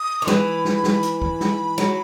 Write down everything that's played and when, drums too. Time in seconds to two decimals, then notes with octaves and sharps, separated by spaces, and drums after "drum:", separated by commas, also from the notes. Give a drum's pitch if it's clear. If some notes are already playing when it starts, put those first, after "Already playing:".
Already playing: D#6
0.22 D#3
0.27 E3 B5, drum: snare
0.65 drum: snare
0.84 drum: snare
1.03 drum: hi-hat
1.22 drum: kick
1.41 drum: snare
1.78 F#3, drum: snare